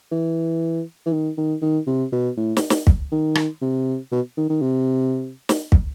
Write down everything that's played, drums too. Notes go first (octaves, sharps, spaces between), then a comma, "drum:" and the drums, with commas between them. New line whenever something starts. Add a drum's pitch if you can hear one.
E3
E3
D#3
D#3
D#3
C3
B2
A2
drum: snare
drum: snare
drum: kick
D#3
drum: rim click
C3
B2
D#3
D#3
C3
drum: snare
drum: kick